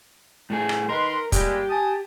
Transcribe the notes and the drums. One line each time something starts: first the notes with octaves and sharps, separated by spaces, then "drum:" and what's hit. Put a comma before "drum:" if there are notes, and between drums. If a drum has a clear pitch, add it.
A2 A3 G#4
drum: rim click
D#3 A#4 B4 C6
A#2 G3 G#3 G4, drum: kick, hi-hat
G#5 A5 D#6